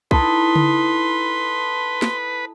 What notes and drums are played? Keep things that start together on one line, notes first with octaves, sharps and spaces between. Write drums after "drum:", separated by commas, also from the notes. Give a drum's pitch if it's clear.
D#4 E4 A4 B4 C6, drum: kick C2
drum: tom C#3
drum: snare